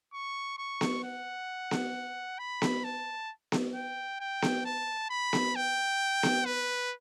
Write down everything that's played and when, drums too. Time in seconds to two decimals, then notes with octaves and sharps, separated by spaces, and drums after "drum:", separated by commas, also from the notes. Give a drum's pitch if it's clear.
0.13 C#6
0.58 C#6
0.81 drum: snare B3
1.04 F#5
1.71 drum: snare B3
2.39 B5
2.62 drum: snare B3
2.84 A5
3.52 drum: snare B3
3.74 G5
4.20 G5
4.42 drum: snare B3
4.65 A5
5.10 B5
5.33 drum: snare B3
5.56 G5
6.23 drum: snare B3
6.46 B4